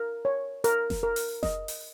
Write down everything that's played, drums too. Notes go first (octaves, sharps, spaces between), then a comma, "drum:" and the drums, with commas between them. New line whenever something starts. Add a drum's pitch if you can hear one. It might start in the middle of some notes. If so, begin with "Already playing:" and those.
Already playing: A#4
C#5
A#4, drum: hi-hat
drum: snare F1
A#4
drum: open hi-hat
D#5, drum: snare F1
drum: open hi-hat